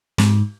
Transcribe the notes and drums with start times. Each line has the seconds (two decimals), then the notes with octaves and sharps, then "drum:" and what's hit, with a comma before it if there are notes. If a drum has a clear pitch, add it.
0.18 G#2, drum: snare